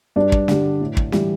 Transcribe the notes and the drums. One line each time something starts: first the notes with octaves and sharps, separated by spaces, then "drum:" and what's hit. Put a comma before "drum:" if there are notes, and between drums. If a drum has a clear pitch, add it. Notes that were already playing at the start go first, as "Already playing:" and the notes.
G2 D4 D5
drum: kick
D3 G3, drum: snare
A2
drum: kick
E3 G3, drum: snare